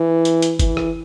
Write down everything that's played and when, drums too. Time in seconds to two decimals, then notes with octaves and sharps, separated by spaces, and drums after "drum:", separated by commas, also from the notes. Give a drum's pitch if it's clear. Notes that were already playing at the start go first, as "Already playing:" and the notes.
Already playing: E3
0.25 drum: hi-hat
0.42 drum: hi-hat
0.59 E3, drum: kick G1, hi-hat
0.77 drum: rim click